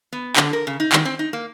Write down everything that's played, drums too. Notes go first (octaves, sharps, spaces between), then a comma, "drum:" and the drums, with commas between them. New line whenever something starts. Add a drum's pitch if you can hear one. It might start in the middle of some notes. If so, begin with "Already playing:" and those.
B3
D3, drum: clap
A#4
C#3
D#4
D#3, drum: clap
C4
D#4
A#3